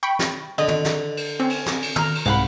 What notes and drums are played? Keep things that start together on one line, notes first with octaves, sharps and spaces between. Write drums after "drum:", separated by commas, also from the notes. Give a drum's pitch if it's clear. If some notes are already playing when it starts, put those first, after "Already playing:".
G5 B5 C#6
drum: snare
D3 D#5
drum: tom
drum: snare
drum: cymbal
C4 C#4
drum: cymbal
drum: snare
drum: cymbal
A#5 F6, drum: tom
drum: cymbal
C2 G#2 F5 F#5 B5